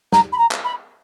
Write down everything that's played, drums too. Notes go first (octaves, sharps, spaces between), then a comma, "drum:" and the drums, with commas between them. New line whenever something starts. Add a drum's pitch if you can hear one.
A#5, drum: snare
B5
A#5
drum: clap
B5